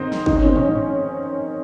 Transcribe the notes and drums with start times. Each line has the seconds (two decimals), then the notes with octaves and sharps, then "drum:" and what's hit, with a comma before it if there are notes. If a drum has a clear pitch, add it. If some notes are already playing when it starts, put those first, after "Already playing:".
Already playing: G#2 D#3 C4 D#4
0.12 drum: snare
0.26 D#3 D#4, drum: kick
0.36 C#4
0.45 C4
0.56 C#4, drum: tom
0.69 G#2 D#4